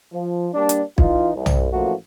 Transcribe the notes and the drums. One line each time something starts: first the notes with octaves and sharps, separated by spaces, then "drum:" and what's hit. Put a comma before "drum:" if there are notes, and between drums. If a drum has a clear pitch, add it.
F3
G3 A#3 D4
drum: hi-hat
E3 D#4 F4, drum: kick B1
C2
drum: tom
A1 F3 A3 A#3 F#4